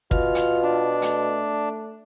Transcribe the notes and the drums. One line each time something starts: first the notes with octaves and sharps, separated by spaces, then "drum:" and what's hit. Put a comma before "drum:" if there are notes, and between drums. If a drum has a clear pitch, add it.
B2 F4 F6, drum: kick
drum: hi-hat
D4
A3, drum: hi-hat